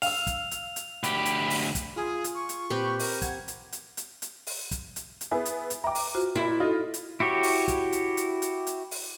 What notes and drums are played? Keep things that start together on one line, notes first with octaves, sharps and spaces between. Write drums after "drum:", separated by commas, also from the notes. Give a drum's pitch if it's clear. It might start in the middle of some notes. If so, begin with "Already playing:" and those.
F5 E6 F7, drum: open hi-hat
drum: kick, hi-hat
drum: hi-hat
drum: hi-hat
D2 G4 B5, drum: hi-hat
drum: hi-hat
drum: open hi-hat
drum: kick, hi-hat
F4 G#4
drum: hi-hat
C#6
drum: hi-hat
A#2 C4 G4 B4
A#4, drum: open hi-hat
F#5 G#6, drum: kick, hi-hat
drum: hi-hat
drum: hi-hat
drum: hi-hat
drum: hi-hat
drum: open hi-hat
drum: kick, hi-hat
drum: hi-hat
drum: hi-hat
B3 E4 G#4 G#5
drum: hi-hat
drum: hi-hat
E5 G5 A#5 D6
drum: open hi-hat
F4 F#4 C5
A#2 E4
D#4 F4 F#4 A4 D#5
drum: hi-hat
E4 F#4 G4 C#5
drum: open hi-hat
drum: kick, hi-hat
drum: hi-hat
drum: hi-hat
drum: hi-hat
drum: hi-hat
drum: open hi-hat